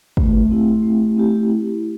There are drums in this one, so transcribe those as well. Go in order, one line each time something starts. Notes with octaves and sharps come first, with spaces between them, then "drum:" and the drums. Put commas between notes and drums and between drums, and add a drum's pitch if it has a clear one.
A3, drum: kick
C4 E4 G4
A3
C4 E4 G4
E4